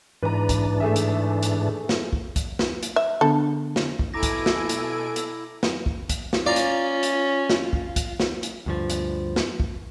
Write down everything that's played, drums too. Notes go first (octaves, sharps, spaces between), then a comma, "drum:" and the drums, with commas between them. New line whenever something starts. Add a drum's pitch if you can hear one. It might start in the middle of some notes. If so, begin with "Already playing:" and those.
G#2 E3 D4 B4 A#5
drum: kick, hi-hat
A3 G#4 E5
drum: hi-hat
drum: hi-hat
drum: snare
drum: kick
drum: kick, hi-hat
drum: snare
drum: hi-hat
E5
D3 B3 D4 A4
drum: snare
drum: kick
B2 E4 A4 G#5 A#5 D6 A#6 D7
drum: kick, hi-hat
drum: snare
drum: hi-hat
drum: hi-hat
drum: snare
drum: kick
drum: kick, hi-hat
drum: snare
C#4 F4 D5 A#5
drum: hi-hat
drum: hi-hat
drum: snare
drum: kick
drum: kick, hi-hat
drum: snare
drum: hi-hat
D2 G2 F3
drum: hi-hat
drum: snare
drum: kick